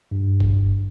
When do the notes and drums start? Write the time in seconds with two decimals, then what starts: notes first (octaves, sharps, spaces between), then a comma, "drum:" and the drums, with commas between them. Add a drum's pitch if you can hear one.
0.11 G2
0.40 drum: kick F#1